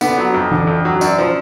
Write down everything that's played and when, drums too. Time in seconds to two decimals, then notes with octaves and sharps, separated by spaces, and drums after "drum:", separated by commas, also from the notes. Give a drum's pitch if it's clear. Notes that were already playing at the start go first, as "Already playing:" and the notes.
0.01 D3 B3, drum: tambourine
0.18 F#3
0.34 F2
0.52 D3, drum: tom E3
0.67 F2
0.85 F#3
1.01 F#2 D4, drum: tambourine
1.18 F3